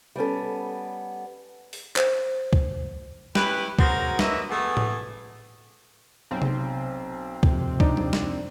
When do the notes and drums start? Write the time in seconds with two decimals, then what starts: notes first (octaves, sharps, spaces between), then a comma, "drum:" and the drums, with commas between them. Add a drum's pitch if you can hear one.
0.16 G3 B3 C#4 A4
1.73 drum: open hi-hat
1.96 C5, drum: clap
2.53 drum: kick C#2
3.35 C#4 E4 G4 B4, drum: snare
3.79 F#2 C4 F#4 G#4 A#4 A#5, drum: kick C#2
4.19 F#3 A#3 B4 D#5 E5, drum: snare
4.50 E3 A3 B3 G4 G#4
4.77 drum: tom A2
6.31 B1 C4
6.42 drum: tom C3
7.43 F2 C3, drum: kick C#2
7.80 D4 D#4 D5, drum: kick C#2
7.97 drum: tom F#3
8.13 drum: snare